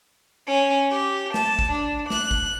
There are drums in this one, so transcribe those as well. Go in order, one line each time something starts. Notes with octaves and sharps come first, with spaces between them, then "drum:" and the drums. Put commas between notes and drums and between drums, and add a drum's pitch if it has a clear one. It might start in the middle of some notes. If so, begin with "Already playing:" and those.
C#4
G4
A5, drum: snare
drum: kick G#1
D4
F#6, drum: snare
drum: kick G#1